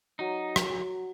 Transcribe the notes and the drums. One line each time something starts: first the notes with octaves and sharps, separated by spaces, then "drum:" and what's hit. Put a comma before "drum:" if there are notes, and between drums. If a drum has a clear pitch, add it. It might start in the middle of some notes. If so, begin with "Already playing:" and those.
F#3 D#4
drum: rim click